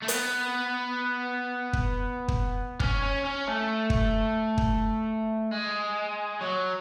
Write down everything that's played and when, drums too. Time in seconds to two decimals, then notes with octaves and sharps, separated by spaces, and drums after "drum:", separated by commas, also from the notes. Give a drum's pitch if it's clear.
0.02 A3
0.08 B3, drum: hi-hat
1.73 drum: kick
2.28 drum: kick
2.80 C#4, drum: kick
3.03 C#4
3.24 C#4
3.47 A3
3.90 drum: kick
4.58 drum: kick
5.51 G#3
6.41 F#3